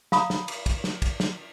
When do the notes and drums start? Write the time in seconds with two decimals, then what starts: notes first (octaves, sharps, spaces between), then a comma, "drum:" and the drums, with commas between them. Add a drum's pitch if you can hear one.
0.12 F5 A#5 B5 D6 D#6, drum: snare
0.30 drum: snare
0.48 drum: cymbal
0.66 drum: kick, cymbal
0.84 drum: snare
1.02 drum: kick, cymbal
1.20 drum: snare